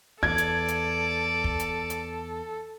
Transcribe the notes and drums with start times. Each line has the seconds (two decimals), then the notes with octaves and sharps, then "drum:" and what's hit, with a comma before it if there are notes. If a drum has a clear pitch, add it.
0.23 E2 A4 D5 G#6, drum: kick
0.38 drum: hi-hat
0.68 drum: hi-hat
1.44 drum: kick
1.60 drum: hi-hat
1.90 drum: hi-hat